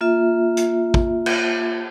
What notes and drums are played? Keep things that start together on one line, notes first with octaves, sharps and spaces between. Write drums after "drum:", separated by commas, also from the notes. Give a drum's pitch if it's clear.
A#3 F4 E5
drum: hi-hat
drum: kick
drum: cymbal